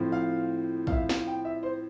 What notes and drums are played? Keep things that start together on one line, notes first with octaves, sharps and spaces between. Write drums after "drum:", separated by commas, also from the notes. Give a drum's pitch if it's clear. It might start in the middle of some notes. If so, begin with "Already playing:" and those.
Already playing: A2 F3 C4
F5
F5, drum: kick
E5
F5, drum: snare
G5
E5
C5